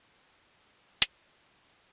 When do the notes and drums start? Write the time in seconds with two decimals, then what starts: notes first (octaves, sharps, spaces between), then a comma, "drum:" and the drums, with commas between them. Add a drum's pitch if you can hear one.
0.19 F#2 D3 F3 A3 G4 C#5
1.02 D#2 F4, drum: hi-hat